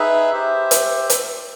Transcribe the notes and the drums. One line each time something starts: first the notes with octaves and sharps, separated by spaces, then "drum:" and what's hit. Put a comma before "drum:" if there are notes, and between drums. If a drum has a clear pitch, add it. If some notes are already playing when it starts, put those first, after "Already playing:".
Already playing: D#4 G#4 B4 E5
G4 C5 E5
drum: hi-hat
drum: hi-hat